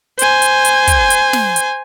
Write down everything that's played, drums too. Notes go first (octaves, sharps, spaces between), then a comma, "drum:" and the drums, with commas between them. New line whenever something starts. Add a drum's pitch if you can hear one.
C5 G#5, drum: hi-hat
drum: hi-hat
drum: hi-hat
drum: kick, hi-hat
drum: hi-hat
drum: snare
drum: hi-hat